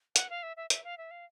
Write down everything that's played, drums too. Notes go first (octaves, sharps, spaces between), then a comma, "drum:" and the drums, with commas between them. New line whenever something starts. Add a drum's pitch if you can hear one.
F#5, drum: hi-hat
F5
E5
E5
E5, drum: hi-hat
F5
E5
F5